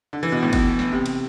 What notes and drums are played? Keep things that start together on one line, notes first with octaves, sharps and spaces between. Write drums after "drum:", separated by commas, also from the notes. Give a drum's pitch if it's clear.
D3
E3
B2
A2
B2, drum: kick, cymbal
drum: snare
C3
drum: cymbal